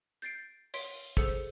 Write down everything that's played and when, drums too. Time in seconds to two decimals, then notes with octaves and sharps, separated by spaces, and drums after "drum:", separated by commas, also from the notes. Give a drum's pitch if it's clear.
0.22 G6 A6 C7 D7
0.74 C#5 C6 B6 D7, drum: open hi-hat
1.17 G#4 A4 C5 E6 C#7, drum: kick